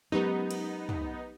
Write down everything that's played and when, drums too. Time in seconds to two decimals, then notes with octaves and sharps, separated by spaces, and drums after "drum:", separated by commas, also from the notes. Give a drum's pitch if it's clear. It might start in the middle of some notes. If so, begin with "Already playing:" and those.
0.12 F#3 G#3 B3 C#4 D#4 G4 A#4
0.51 drum: cymbal
0.89 drum: tom